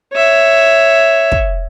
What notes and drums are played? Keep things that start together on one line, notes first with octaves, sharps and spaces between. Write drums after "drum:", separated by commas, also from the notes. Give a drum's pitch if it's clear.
C#5 E5
drum: kick